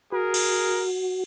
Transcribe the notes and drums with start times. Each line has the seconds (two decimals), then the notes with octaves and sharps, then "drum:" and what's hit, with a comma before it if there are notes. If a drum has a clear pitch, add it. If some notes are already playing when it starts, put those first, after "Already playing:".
0.12 F#4 G#4 A#4
0.34 drum: cymbal